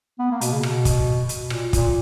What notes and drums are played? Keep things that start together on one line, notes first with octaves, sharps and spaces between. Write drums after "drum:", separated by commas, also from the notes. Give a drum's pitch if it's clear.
B3
A#3
B2, drum: hi-hat
C#3
B2, drum: rim click
drum: kick, hi-hat
drum: hi-hat
A#2, drum: rim click
A#2, drum: kick, hi-hat